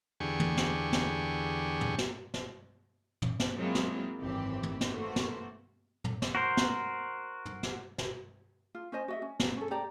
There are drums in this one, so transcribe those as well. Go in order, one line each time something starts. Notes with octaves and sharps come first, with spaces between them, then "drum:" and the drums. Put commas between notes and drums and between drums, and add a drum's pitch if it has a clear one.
E2 D3 G4 G#4 C#6
drum: tom
drum: snare
drum: snare
drum: tom
drum: snare
drum: snare
drum: tom
drum: snare
F#3 G#3 A#3 C4 E4 F4
drum: snare
G#1 F#2 E3 C4 G4
drum: tom
drum: snare
E3 A3 A#3 F#4 C5
drum: snare
drum: tom
drum: snare
F#4 A#4 C5
drum: snare
drum: tom
drum: snare
drum: snare
F4
C#4 C5 D#5 G#5
F#4 D#5 E5
C#4
drum: snare
C#4 A4
G4 D5 A#5